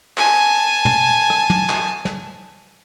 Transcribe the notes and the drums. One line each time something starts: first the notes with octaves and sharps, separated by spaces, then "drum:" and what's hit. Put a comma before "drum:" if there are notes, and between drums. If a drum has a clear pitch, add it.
G#5 A5, drum: clap
drum: tom
drum: rim click
drum: tom
drum: clap
drum: snare